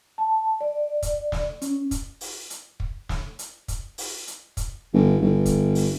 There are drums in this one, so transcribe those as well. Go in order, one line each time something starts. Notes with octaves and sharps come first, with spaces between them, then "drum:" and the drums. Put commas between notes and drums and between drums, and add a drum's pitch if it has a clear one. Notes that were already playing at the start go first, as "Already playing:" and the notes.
A5
D5
drum: kick, hi-hat
drum: snare
C#4, drum: hi-hat
drum: kick, hi-hat
drum: open hi-hat
drum: hi-hat
drum: kick
drum: snare
drum: hi-hat
drum: kick, hi-hat
drum: open hi-hat
drum: hi-hat
drum: kick, hi-hat
G1
G1
drum: kick, hi-hat
drum: open hi-hat